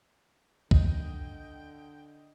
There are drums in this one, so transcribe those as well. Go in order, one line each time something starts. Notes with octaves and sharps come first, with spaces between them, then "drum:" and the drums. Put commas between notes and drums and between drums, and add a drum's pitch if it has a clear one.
D3 D#5 G5, drum: kick